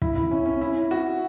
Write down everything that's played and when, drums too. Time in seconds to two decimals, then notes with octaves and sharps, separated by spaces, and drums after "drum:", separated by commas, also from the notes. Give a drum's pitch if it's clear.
0.02 E4, drum: kick
0.16 E4
0.31 C#4
0.46 C#4
0.61 E4
0.91 F#4